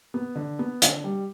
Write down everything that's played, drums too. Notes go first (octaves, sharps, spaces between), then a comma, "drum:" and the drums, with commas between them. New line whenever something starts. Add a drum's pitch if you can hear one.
B3
D3
B3
D3, drum: hi-hat
G3